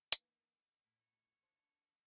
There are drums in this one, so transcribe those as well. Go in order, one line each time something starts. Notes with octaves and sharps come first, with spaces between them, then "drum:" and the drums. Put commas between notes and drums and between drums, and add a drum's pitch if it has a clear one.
E3 A#3 D#4, drum: hi-hat
A2 E4
C#5
D4 C5